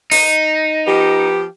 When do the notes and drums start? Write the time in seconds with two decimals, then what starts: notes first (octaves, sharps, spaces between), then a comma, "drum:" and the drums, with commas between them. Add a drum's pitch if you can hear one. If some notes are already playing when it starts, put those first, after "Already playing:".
0.12 D#4, drum: open hi-hat
0.87 F3 B3 G4